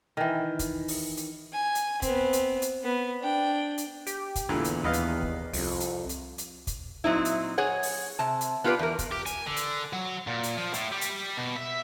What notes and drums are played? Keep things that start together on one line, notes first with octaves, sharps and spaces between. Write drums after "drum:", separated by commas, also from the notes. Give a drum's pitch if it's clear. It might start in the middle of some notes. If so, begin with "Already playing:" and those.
D#3 E3
drum: kick, hi-hat
drum: open hi-hat
drum: hi-hat
G#5
drum: hi-hat
B3 C4, drum: kick, hi-hat
drum: hi-hat
drum: hi-hat
B3
D4 G5
drum: hi-hat
G4, drum: hi-hat
drum: kick, hi-hat
E2 A#2 D3 E3
drum: hi-hat
D#2 B3 D#5 F5
drum: hi-hat
drum: kick
C2 F2, drum: open hi-hat
drum: hi-hat
drum: hi-hat
drum: hi-hat
drum: kick, hi-hat
A#2 F#3 C4 D#4 E4
drum: hi-hat
G#4 C#5 F#5
drum: open hi-hat
C3 A5
drum: hi-hat
B3 F4 G4 A#4 B4 D5
E2 A#4
drum: kick, hi-hat
G4
G#5, drum: hi-hat
D3
drum: hi-hat
F#3
A#2
drum: hi-hat
F3
A2, drum: hi-hat
G3
drum: hi-hat
B2
E5